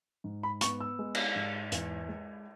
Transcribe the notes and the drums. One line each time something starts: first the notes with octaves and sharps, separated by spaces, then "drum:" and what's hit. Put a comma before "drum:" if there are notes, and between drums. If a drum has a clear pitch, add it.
G#2
B5
B3 C#6, drum: hi-hat
E6
G#3
drum: cymbal
G#2
E2, drum: hi-hat
G#3